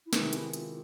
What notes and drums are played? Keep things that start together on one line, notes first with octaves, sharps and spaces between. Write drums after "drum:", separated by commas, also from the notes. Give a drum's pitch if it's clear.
E4
C3 D#3 G#3 B3 D#4, drum: snare
E4, drum: hi-hat
F4, drum: hi-hat